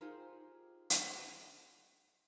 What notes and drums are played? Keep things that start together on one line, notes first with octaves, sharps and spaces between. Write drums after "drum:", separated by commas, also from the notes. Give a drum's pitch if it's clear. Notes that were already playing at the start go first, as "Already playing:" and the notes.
D#4 F4 G4 G#4 A#4 C5
drum: hi-hat